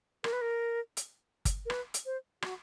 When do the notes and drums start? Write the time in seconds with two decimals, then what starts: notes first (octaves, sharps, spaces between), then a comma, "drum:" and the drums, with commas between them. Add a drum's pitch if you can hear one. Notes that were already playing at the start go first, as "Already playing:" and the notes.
0.24 A#4, drum: rim click
0.33 B4
0.41 A#4
0.97 drum: hi-hat
1.45 drum: kick G1, hi-hat
1.66 A#4
1.70 B4, drum: rim click
1.94 drum: hi-hat
2.06 C5
2.42 F#4, drum: rim click